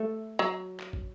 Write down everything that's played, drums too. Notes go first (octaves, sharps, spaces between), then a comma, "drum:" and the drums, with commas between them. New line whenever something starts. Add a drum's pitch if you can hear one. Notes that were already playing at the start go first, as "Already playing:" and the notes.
Already playing: A3
F#3
drum: clap
drum: kick